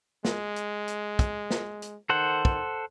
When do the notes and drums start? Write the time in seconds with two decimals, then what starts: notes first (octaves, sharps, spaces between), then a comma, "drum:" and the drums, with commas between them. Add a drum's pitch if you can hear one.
0.25 G#3, drum: snare
0.56 drum: hi-hat
0.88 drum: hi-hat
1.19 drum: kick, hi-hat
1.51 drum: snare
1.82 drum: hi-hat
2.10 D#3 A4 C5 F#5
2.45 drum: kick